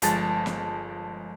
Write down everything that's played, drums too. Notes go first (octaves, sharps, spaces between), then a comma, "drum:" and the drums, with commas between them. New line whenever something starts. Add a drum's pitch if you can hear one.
G1 F3 G#3 A5 A6, drum: hi-hat
drum: snare